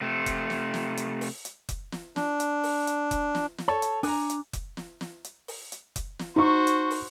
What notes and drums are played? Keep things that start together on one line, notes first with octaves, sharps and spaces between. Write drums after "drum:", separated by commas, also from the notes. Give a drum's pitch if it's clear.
C3 A3
drum: kick F1, hi-hat
drum: snare
drum: snare
drum: hi-hat
drum: open hi-hat
drum: hi-hat
drum: kick F1, hi-hat
drum: snare
D4, drum: snare
drum: hi-hat
drum: open hi-hat
drum: hi-hat
drum: kick F1, hi-hat
drum: snare
drum: snare
A4 C#5 A5
drum: hi-hat
D4 G#5 A#5, drum: open hi-hat
drum: hi-hat
drum: kick F1, hi-hat
drum: snare
drum: snare
drum: hi-hat
drum: open hi-hat
drum: hi-hat
drum: kick F1, hi-hat
drum: snare
D#4 F#4 C5 C#6
drum: hi-hat
drum: open hi-hat